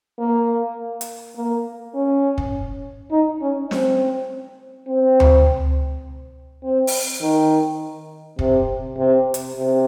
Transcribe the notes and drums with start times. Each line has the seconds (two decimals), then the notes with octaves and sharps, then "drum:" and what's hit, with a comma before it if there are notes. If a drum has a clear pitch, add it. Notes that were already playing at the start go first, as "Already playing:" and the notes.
0.19 A#3
1.01 drum: hi-hat
1.37 A#3
1.95 C#4
2.38 drum: kick
3.11 D#4
3.41 C#4
3.71 C4, drum: snare
4.88 C4
5.20 drum: tom D2
6.63 C4
6.87 drum: open hi-hat
7.21 D#3
8.39 C3, drum: kick
8.97 C3
9.34 drum: hi-hat
9.56 C3